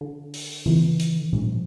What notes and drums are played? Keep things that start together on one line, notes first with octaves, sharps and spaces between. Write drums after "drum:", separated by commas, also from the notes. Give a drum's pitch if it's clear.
D3
drum: open hi-hat
E3, drum: tom C#3
drum: hi-hat
D3
E3
F3, drum: tom A#2